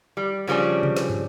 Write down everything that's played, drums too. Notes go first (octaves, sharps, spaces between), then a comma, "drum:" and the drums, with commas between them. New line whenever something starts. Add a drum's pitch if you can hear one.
G3
C#3 F3 G3 C#4 D4
drum: tom C3
drum: snare
drum: tom